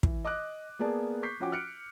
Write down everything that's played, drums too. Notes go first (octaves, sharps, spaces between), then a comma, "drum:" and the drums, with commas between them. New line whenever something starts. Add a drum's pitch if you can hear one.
E3, drum: kick
D#5 D6 D#6 F#6
A#3 B3 G#4 D5 A5
C#6 D6 G6 B6 C7
F3 C#4 F#4 F#5 G5 D6
F6 F#6 C#7 D7